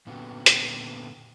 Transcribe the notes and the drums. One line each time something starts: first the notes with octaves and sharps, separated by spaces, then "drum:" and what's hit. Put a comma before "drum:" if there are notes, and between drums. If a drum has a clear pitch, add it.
A#2 D3 B3 C#4 F#4 G4
drum: hi-hat